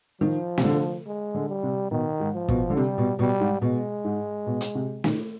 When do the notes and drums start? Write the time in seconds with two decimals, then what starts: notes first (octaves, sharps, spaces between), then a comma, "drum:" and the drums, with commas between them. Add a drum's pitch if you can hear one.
0.21 D#3 F3
0.58 C3, drum: snare
0.64 D3
1.07 G#3
1.35 D3
1.49 G3
1.63 C3
1.91 B2 D#3
2.20 G#2
2.35 F3
2.48 B2, drum: kick
2.70 D3
2.76 C3 G3
2.98 B2
3.19 B2 G3
3.40 G#2
3.62 B2 G#3
4.04 G#2
4.47 B2
4.61 drum: hi-hat
4.75 C3
5.04 D#3, drum: snare